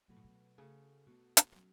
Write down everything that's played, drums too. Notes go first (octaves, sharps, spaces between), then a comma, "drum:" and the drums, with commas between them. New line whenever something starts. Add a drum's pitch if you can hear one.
B2 F#3 A3 F#4 B4
A2
B2
C#3 A3 F#4 A4
B2 A3 F#4 A4
drum: hi-hat
F#3 C#4 F#4